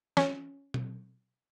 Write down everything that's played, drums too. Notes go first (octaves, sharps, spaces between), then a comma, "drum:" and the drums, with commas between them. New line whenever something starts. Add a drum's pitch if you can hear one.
C#4, drum: snare
drum: tom B2